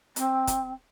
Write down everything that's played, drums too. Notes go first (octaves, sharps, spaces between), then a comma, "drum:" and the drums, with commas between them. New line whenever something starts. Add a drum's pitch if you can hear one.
C4, drum: hi-hat
drum: kick, hi-hat